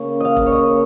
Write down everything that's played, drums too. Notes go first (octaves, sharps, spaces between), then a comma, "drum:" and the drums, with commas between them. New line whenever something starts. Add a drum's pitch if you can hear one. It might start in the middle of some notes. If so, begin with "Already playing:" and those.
Already playing: C#3 A#3 C#4 A#4 C#5
D#5 F5
drum: kick E1
C#5
D#5